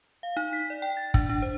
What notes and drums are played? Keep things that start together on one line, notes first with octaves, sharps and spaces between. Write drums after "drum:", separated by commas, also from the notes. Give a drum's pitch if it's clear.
F5
D#4
B6
D5
G5
A6
D4, drum: kick
D4
C5